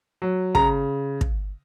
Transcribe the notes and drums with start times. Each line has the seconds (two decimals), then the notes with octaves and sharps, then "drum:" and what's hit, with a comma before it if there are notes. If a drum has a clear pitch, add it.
0.22 F#3
0.55 C#3 A#5, drum: kick
1.21 drum: kick